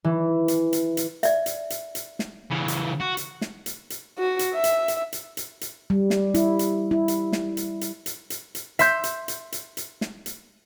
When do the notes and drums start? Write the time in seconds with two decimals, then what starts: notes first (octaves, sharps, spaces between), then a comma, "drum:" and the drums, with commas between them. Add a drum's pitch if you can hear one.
0.04 E3
0.48 drum: hi-hat
0.73 drum: hi-hat
0.97 drum: hi-hat
1.23 D5 E5, drum: hi-hat
1.46 drum: hi-hat
1.70 drum: hi-hat
1.95 drum: hi-hat
2.19 drum: snare
2.51 C#3 E3
2.68 drum: hi-hat
3.01 F#4
3.17 drum: hi-hat
3.41 drum: snare
3.66 drum: hi-hat
3.90 drum: hi-hat
4.18 F#4
4.39 drum: hi-hat
4.54 E5
4.64 drum: hi-hat
4.88 drum: hi-hat
5.13 drum: hi-hat
5.37 drum: hi-hat
5.61 drum: hi-hat
5.90 G3
6.10 drum: snare
6.34 E4, drum: hi-hat
6.59 drum: hi-hat
6.91 E4
7.08 drum: hi-hat
7.32 drum: snare
7.57 drum: hi-hat
7.81 drum: hi-hat
8.06 drum: hi-hat
8.30 drum: hi-hat
8.55 drum: hi-hat
8.79 E5 C6 G6, drum: hi-hat
9.04 drum: hi-hat
9.28 drum: hi-hat
9.52 drum: hi-hat
9.77 drum: hi-hat
10.01 drum: snare
10.26 drum: hi-hat